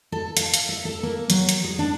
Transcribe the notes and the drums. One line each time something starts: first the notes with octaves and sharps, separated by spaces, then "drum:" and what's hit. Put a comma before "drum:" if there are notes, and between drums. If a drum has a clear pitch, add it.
A4
F5, drum: hi-hat
drum: hi-hat
E5
A4
A#3
F#3, drum: hi-hat
drum: hi-hat
G#4
D4